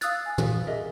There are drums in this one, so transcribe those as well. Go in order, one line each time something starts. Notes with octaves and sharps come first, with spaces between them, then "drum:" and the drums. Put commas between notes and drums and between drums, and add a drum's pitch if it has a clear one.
F5 D#6 E6 F#6 A6, drum: hi-hat
G#5
drum: tom
G#4 A#4 D#5 E5